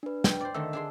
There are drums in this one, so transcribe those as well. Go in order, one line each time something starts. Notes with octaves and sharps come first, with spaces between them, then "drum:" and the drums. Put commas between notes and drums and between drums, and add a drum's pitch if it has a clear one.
D4 B4
G5, drum: snare
C5 D5
D3 D#3 A3 E6
D4 G#4 C6